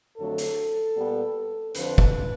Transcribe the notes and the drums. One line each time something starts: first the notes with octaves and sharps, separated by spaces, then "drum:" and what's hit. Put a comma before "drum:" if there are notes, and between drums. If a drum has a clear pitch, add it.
F2 D3 F#3 A3 A4
drum: hi-hat
A#2 G3 B3
F2 D3 F3 B4, drum: hi-hat
drum: kick